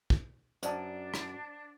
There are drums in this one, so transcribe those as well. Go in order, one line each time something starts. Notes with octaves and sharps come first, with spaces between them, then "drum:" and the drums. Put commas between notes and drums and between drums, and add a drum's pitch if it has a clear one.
drum: kick
F#2 D4 C5 D5 A5, drum: hi-hat
drum: rim click